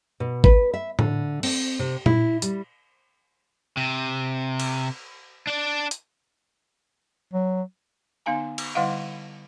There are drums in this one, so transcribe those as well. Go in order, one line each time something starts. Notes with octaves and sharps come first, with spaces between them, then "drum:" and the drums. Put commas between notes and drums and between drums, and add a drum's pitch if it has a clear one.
B2
B4, drum: kick G#1
E5
D3, drum: tom A2
C4, drum: cymbal
C3
E4, drum: tom A#2
G3, drum: hi-hat
C3
drum: cymbal
D4 D5
drum: hi-hat
F#3
D3 B3 D#4 F5 G#5 A#5
drum: cymbal
D3 G3 E4 D#5 F5 F#5